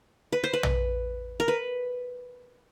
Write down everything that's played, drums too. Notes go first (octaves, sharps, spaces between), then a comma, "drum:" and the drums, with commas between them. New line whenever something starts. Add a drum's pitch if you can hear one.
B4
C5
B4
drum: tom A#1
A#4
B4